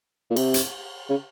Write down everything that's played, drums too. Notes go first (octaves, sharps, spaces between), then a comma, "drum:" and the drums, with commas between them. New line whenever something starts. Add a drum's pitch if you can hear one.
A#2
C3, drum: cymbal
drum: hi-hat
C#3